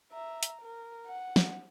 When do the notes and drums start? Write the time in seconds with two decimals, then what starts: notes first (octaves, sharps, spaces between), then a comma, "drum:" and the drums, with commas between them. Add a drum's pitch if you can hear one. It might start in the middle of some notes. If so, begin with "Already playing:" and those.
0.13 E5 A#5
0.43 drum: hi-hat
0.62 A#4
1.07 F#5
1.36 drum: snare